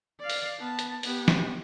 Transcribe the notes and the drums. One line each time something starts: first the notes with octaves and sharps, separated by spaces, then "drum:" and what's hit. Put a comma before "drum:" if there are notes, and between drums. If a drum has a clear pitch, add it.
D5 F5
drum: open hi-hat
B3 A5
drum: hi-hat
B3 G4, drum: open hi-hat
drum: snare